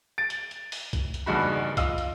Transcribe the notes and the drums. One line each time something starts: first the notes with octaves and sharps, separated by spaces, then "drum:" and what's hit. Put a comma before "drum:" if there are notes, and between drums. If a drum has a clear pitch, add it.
A6 D7
drum: hi-hat
drum: hi-hat
drum: open hi-hat
drum: kick, hi-hat
drum: hi-hat
F#1 E2 G2 D#4 F#4 B5
F4 D#5 F5 D#6 E6, drum: kick, hi-hat
drum: hi-hat